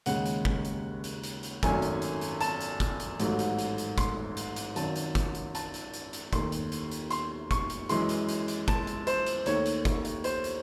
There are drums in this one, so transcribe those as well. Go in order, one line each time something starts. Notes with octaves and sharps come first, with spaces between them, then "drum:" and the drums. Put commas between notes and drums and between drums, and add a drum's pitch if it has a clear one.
D#2 C#3 G#3 F#5, drum: hi-hat
drum: hi-hat
drum: kick
drum: hi-hat
drum: hi-hat
drum: hi-hat
drum: hi-hat
G#1 F#2 D#3 A3 G#5, drum: kick, hi-hat
drum: hi-hat
drum: hi-hat
drum: hi-hat
A5, drum: hi-hat
drum: hi-hat
drum: kick, hi-hat
drum: hi-hat
A1 G#2 F#3 A3, drum: hi-hat
drum: hi-hat
drum: hi-hat
drum: hi-hat
C6, drum: kick, hi-hat
drum: hi-hat
drum: hi-hat
G#1 F#2 D#3 A5, drum: hi-hat
drum: hi-hat
drum: kick, hi-hat
drum: hi-hat
A5, drum: hi-hat
drum: hi-hat
drum: hi-hat
drum: hi-hat
D#2 D#3 A3 C6, drum: kick, hi-hat
drum: hi-hat
drum: hi-hat
drum: hi-hat
C6, drum: hi-hat
C#6, drum: kick, hi-hat
drum: hi-hat
F#2 E3 G#3 C6, drum: hi-hat
drum: hi-hat
drum: hi-hat
drum: hi-hat
A5, drum: kick, hi-hat
drum: hi-hat
C5, drum: hi-hat
drum: hi-hat
D#2 D#3 A3 C#5, drum: hi-hat
drum: hi-hat
drum: kick, hi-hat
drum: hi-hat
C5, drum: hi-hat
drum: hi-hat